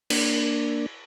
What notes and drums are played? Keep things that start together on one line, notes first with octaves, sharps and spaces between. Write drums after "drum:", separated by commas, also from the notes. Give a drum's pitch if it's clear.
A#3 D4, drum: cymbal